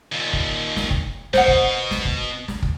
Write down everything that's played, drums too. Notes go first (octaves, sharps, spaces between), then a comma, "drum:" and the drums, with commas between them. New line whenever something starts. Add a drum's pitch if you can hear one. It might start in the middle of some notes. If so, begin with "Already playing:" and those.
D#2 A#2
drum: kick
drum: snare
drum: kick
B2 C5 F#5, drum: snare
drum: kick
drum: snare
drum: kick
drum: snare
drum: kick